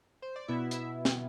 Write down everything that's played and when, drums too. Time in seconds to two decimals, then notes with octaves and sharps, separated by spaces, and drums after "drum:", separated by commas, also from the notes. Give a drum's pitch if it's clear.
0.22 C5
0.36 D5
0.48 B2 B3 E4 E5
0.71 E5, drum: hi-hat
1.05 drum: snare